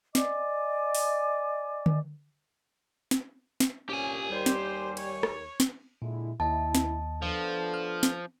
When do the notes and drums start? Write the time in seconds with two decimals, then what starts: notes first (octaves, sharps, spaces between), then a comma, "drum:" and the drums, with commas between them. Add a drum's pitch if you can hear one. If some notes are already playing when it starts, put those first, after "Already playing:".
0.15 D5 D#5 G#5 D6, drum: snare
0.95 drum: open hi-hat
1.86 drum: tom D3
3.11 drum: snare
3.60 drum: snare
3.90 C2 A#2 C#4 G4 G#5
4.31 D#2 G3 C5
4.46 drum: snare
4.97 C#5, drum: cymbal
5.23 drum: rim click
5.60 drum: snare
6.02 A#2 D3 G#3 E4
6.40 D#2 E4 D#5 A5
6.75 drum: snare
7.22 F3 B3 D4 A4
7.74 F6
8.03 drum: snare